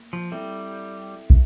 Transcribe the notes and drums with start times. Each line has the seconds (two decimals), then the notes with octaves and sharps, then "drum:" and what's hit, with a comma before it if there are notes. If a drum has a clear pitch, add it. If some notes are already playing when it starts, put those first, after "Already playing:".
Already playing: A#3
0.13 F3
0.32 G3 C4 E4 A4 E5 G5
1.30 drum: kick